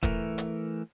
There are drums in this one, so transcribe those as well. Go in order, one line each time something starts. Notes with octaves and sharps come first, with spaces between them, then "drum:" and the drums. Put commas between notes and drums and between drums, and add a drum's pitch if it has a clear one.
E3 A3 A#4, drum: kick, hi-hat
drum: hi-hat